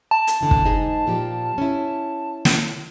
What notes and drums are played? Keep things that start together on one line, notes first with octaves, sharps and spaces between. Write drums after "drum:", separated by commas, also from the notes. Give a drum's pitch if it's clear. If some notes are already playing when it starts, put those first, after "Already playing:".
A5
drum: hi-hat
B2 D3 E3
drum: kick
G#2 D#4 G#4
A#2 F3 G4
C#4 E4
drum: snare